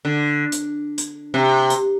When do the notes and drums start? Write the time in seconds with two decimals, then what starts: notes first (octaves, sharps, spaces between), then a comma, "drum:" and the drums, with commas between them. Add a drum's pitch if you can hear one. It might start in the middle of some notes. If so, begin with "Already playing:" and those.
0.05 D3
0.52 drum: hi-hat
0.98 drum: hi-hat
1.34 C3
1.70 drum: hi-hat